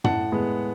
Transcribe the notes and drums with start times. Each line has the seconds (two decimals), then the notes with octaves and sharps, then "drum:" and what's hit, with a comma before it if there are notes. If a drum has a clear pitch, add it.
0.04 A2 F#5 A5, drum: tom
0.32 G#3 B3